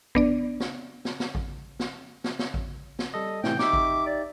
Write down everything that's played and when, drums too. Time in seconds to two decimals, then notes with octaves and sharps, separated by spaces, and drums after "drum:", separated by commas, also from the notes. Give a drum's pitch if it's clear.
0.15 B3 D4 D5, drum: kick A1
0.60 drum: snare
1.05 drum: snare
1.20 drum: snare
1.35 drum: kick A1
1.80 drum: snare
2.24 drum: snare
2.39 drum: snare
2.54 drum: kick A1
2.99 drum: snare
3.14 G3 A4 D#5
3.44 A2 C3 E3 G5, drum: snare
3.59 D#4 G4 E5 D6, drum: snare
3.73 drum: kick A1
4.06 D5